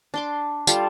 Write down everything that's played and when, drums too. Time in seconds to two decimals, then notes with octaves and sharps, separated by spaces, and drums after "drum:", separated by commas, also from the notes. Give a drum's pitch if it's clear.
0.14 D4 C6 D6
0.67 G3 F4 A4, drum: tambourine